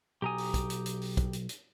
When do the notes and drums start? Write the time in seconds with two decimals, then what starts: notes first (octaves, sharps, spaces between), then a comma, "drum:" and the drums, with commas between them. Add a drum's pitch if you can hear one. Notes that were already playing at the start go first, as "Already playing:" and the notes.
0.22 B1 G4 G#5 A#5 D#6
0.38 drum: open hi-hat
0.54 drum: kick, hi-hat
0.70 drum: hi-hat
0.86 drum: hi-hat
1.01 drum: open hi-hat
1.17 drum: kick, hi-hat
1.33 drum: hi-hat
1.49 drum: hi-hat